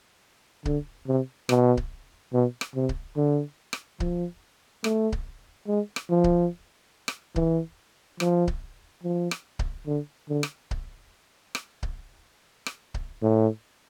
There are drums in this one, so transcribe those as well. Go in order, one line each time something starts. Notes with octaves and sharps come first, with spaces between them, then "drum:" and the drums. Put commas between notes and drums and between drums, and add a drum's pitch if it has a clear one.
D3, drum: kick C#1
C3
B2, drum: rim click
drum: kick C#1
B2
drum: rim click
C3
drum: kick C#1
D3
drum: rim click
F3, drum: kick C#1
A3, drum: rim click
drum: kick C#1
G#3
drum: rim click
F3
drum: kick C#1
drum: rim click
E3, drum: kick C#1
F3, drum: rim click
drum: kick C#1
F3
drum: rim click
drum: kick C#1
D3
D3
drum: rim click
drum: kick C#1
drum: rim click
drum: kick C#1
drum: rim click
drum: kick C#1
A2